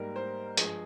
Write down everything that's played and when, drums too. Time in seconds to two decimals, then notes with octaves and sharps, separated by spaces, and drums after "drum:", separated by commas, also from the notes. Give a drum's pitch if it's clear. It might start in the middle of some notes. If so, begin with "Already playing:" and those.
Already playing: G#2 G3 A#3 A#4
0.16 C5
0.57 G2 F3 G#3 G#4, drum: hi-hat